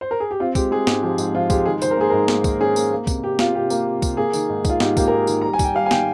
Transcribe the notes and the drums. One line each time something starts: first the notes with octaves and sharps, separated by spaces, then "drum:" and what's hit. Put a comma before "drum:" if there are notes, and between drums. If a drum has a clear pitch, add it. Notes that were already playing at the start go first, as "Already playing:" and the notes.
C5
A#4
G#4
G4
C4 F4
G#3 G4, drum: kick C2, tambourine
G#3 G#4
G#2 G4, drum: snare
F3 G4
G#2, drum: tambourine
F3 F4
G#3 G4, drum: kick C2, tambourine
D#3 G#4
D#3 C5, drum: tambourine
A#4
A#3 G#4
G#2 A#4
A#3, drum: snare
D#3, drum: kick C2, tambourine
C#4 G#4
A#3, drum: tambourine
A#3
C3, drum: kick C2, tambourine
C3 G4
C3 F4, drum: snare
C3 G4
A#3, drum: tambourine
C3
C3, drum: kick C2, tambourine
A#3 G#4
D#3, drum: tambourine
G#2
D#3 F4, drum: kick C2, tambourine
G#2 G4, drum: snare
A#3 G4, drum: kick C2, tambourine
A#4
G#2 G#4
D#3, drum: tambourine
G3 A#5
G#5
G3, drum: kick C2, tambourine
G5
G3 F5
G#5
D#3 G5, drum: snare